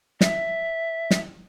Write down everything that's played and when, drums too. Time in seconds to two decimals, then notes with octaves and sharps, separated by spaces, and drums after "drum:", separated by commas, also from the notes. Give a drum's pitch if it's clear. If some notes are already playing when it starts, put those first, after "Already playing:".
0.21 E5, drum: snare
1.11 drum: snare